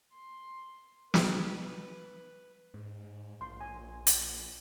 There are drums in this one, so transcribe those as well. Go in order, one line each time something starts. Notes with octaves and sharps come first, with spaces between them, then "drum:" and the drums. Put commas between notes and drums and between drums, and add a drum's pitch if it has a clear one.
C6
B4, drum: snare
G#2
A#1 C6
G#5
drum: hi-hat